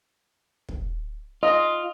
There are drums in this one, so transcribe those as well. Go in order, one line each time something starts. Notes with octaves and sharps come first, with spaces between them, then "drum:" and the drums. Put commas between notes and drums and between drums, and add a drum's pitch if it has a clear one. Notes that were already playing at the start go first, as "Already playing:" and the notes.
drum: kick
F4 D#5